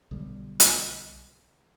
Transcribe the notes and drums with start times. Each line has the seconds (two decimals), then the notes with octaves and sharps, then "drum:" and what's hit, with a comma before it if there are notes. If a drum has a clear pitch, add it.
0.11 B1 D3 G3
0.60 drum: hi-hat